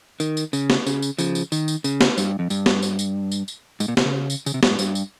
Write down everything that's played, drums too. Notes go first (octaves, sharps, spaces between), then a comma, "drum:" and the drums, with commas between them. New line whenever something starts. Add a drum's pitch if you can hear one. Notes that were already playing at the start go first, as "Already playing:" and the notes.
D#3, drum: tambourine
drum: tambourine
C#3, drum: tambourine
drum: snare
C#3, drum: tambourine
drum: tambourine
C#3 F3, drum: tambourine
drum: tambourine
D#3, drum: tambourine
drum: tambourine
C#3, drum: tambourine
drum: snare
G2, drum: tambourine
F2
G2, drum: tambourine
drum: snare
drum: tambourine
drum: tambourine
drum: tambourine
drum: tambourine
G#2, drum: tambourine
A#2
C3, drum: snare
C#3
drum: tambourine
C#3, drum: tambourine
C3
G2, drum: snare
G#2
G2, drum: tambourine
drum: tambourine